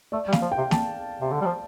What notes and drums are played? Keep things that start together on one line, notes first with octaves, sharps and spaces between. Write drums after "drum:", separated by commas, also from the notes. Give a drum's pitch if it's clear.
A3 D5
G3
F5, drum: snare
F3
G5
C3
A5, drum: snare
C3
D3
G3
F3